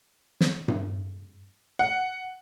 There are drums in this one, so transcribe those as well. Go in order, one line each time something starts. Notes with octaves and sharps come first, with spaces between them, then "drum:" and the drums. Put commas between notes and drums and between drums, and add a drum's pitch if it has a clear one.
drum: snare
drum: tom G2
F#5